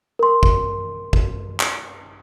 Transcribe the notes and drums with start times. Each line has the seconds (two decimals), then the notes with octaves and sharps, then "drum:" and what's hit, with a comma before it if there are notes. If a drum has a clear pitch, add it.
0.19 A#4 C6
0.43 drum: kick
1.13 drum: kick
1.60 drum: clap